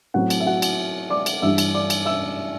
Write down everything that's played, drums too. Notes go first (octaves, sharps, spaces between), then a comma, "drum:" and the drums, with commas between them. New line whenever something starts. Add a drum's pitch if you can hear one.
A2 F#3 C4 F#4 F#5
drum: cymbal
E5
F#4 F#5
drum: cymbal
D5 D6
drum: cymbal
G2 E3 G3 D4 E5 E6
drum: cymbal
D5 D6
drum: cymbal
E5 E6